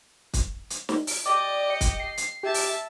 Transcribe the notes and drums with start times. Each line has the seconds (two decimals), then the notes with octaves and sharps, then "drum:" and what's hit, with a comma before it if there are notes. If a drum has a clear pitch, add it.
0.34 drum: kick, hi-hat
0.70 drum: hi-hat
0.89 drum: snare
1.07 drum: open hi-hat
1.26 G4 D5 D#5
1.70 C#7
1.81 drum: kick, hi-hat
2.00 C7
2.17 drum: hi-hat
2.43 G4 E5 A5
2.54 drum: open hi-hat